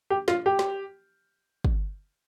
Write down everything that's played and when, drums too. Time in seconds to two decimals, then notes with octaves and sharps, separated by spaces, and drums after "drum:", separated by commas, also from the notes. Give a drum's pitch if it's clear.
0.10 G4
0.28 F4, drum: snare
0.46 G4
0.59 drum: snare
1.64 drum: kick